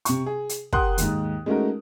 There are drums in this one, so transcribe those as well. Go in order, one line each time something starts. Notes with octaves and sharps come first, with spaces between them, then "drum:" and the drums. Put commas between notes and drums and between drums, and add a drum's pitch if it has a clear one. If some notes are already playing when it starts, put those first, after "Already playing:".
C3 C#6, drum: hi-hat
G#4
drum: hi-hat
G4 A#4 F#5 C6 D#6 F#6, drum: kick
D#2 G#2, drum: hi-hat
G#3 A3 C#4 D#4 F#4 A#4